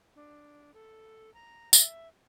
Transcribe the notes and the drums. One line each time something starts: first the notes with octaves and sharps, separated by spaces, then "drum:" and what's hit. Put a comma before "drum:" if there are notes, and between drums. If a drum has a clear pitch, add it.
D4
A4
A#5
E5, drum: tambourine